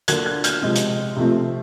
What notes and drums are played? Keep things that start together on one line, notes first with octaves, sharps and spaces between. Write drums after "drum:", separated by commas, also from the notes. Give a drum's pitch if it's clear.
D3 F#3 A#3 F#6 G#6, drum: hi-hat
F#6 G#6
F6 G6, drum: hi-hat
C3 F3 G#3 C4
drum: hi-hat
C3 F3 A3 C4